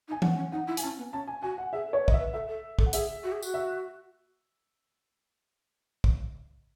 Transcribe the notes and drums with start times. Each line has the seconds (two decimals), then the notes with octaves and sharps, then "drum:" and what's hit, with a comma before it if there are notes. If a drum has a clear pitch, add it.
0.08 D#4
0.12 G#5
0.22 C#4 F#5, drum: tom E3
0.37 C#4
0.52 D#4 F#5
0.67 E4
0.77 G#5, drum: hi-hat
0.83 C#4 A5
0.98 B3
1.12 C#4 A5
1.27 G#5
1.42 F#4 G#5
1.58 F#5
1.73 G#4 E5
1.88 A4
1.93 C#5
2.03 B4
2.08 D#5, drum: kick
2.14 B4 E5
2.33 A4 E5
2.48 A4
2.79 A4, drum: kick
2.86 F#5
2.93 G#4 E5, drum: hi-hat
3.24 F#4
3.32 G#4
3.42 F#4, drum: tambourine
3.54 E5
6.04 drum: kick